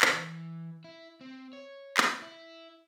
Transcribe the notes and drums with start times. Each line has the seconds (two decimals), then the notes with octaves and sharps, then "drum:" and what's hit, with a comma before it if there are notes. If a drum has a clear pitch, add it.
0.01 drum: clap
0.13 E3
0.84 E4
1.21 C4
1.53 C#5
1.97 drum: clap
2.22 E4